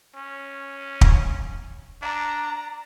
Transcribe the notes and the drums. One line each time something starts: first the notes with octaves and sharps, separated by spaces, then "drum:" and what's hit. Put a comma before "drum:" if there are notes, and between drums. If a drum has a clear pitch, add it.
C#4
drum: kick
D4 A#5